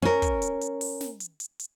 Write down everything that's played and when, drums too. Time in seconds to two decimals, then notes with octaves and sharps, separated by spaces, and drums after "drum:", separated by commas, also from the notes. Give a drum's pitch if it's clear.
0.02 C#4 A#4
0.22 drum: kick, hi-hat
0.42 drum: hi-hat
0.61 drum: hi-hat
0.81 drum: open hi-hat
1.01 drum: snare
1.20 drum: hi-hat
1.40 drum: hi-hat
1.59 drum: hi-hat